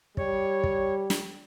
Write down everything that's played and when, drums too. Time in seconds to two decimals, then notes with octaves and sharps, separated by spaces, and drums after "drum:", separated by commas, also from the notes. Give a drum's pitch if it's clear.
0.17 G3 C#5, drum: kick
0.64 drum: kick
1.10 drum: snare